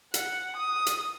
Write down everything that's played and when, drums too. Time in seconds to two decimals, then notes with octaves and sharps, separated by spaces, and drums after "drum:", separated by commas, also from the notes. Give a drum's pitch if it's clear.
0.14 F#5, drum: hi-hat
0.57 D#6
0.86 drum: hi-hat